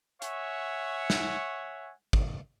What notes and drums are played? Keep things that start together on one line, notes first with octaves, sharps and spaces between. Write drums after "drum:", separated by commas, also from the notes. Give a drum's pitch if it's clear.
C#5 E5 F#5 G#5 C#6, drum: hi-hat
drum: snare
drum: kick